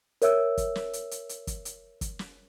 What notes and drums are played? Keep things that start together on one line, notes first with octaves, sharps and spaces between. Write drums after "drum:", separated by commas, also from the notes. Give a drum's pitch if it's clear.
A#4 C#5 E5 E6, drum: hi-hat
drum: kick, hi-hat
drum: snare
drum: hi-hat
drum: hi-hat
drum: hi-hat
drum: kick, hi-hat
drum: hi-hat
drum: kick, hi-hat
drum: snare